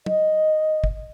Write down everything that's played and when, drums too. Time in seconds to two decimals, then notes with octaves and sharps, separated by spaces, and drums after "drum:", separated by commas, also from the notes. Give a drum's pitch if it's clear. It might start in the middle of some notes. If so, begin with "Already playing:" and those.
0.06 D#5, drum: tom
0.84 drum: kick